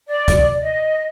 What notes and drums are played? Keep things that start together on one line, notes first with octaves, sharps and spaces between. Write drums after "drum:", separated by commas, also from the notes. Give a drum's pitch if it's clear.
D5
drum: kick, hi-hat
D#5